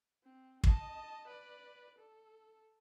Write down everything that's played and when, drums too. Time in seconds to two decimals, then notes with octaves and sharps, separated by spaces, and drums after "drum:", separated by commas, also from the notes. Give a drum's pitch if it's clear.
0.24 C4
0.64 D#5 A5, drum: kick
1.28 B4 D5
1.98 A4